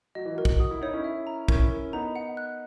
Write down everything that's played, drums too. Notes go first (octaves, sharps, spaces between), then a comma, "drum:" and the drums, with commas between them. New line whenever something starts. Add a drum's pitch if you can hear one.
F#3 D#5
E3
F#3 A#4
drum: kick
F#4 D#6
E4
D#4 C#5
C#4 E4
E5
A#5
C#4 E4 A#4, drum: kick
A#4
B3 D#4 A#5
F#5
F#6